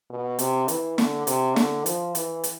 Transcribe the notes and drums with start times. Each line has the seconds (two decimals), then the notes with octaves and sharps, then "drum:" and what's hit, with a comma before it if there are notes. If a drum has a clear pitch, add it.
0.10 B2
0.39 C3, drum: hi-hat
0.68 E3, drum: hi-hat
0.98 D3, drum: snare
1.27 C3, drum: hi-hat
1.56 D3, drum: snare
1.86 F3, drum: hi-hat
2.15 E3, drum: hi-hat
2.44 drum: hi-hat